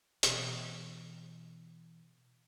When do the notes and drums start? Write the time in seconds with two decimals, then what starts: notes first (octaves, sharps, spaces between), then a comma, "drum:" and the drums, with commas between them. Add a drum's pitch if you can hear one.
0.23 B2 E3, drum: hi-hat